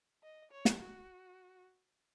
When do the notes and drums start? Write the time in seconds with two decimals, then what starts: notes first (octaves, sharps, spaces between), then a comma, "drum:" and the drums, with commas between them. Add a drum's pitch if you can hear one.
0.23 D#5
0.51 C#5
0.65 drum: snare
0.79 F#4